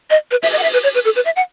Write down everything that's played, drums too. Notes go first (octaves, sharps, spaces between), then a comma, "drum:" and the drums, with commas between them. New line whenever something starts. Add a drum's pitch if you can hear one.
D#5
B4
E5, drum: open hi-hat
D#5
F#5
E5
B4
C#5
B4
A4
B4
E5
F#5